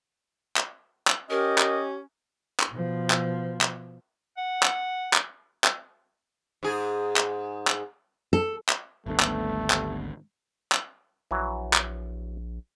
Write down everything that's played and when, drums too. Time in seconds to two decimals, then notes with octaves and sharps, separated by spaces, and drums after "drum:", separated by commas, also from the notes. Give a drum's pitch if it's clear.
0.57 drum: clap
1.07 drum: clap
1.30 C#4 G4 A#4 D#5
1.58 drum: clap
2.60 drum: clap
2.71 B2 F3
3.10 drum: clap
3.61 drum: clap
4.37 F#5
4.63 drum: clap
5.13 drum: clap
5.64 drum: clap
6.63 G#2 G#4
7.17 drum: clap
7.67 drum: clap
8.33 A4
8.69 drum: clap
9.06 G#1 D2 D3 G3 A3 B3
9.20 drum: clap
9.70 drum: clap
10.72 drum: clap
11.31 A#1 E3 F#3
11.73 drum: clap